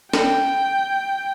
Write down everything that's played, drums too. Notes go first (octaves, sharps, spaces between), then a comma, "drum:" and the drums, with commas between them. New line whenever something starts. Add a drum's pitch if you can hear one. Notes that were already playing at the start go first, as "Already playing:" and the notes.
G5, drum: snare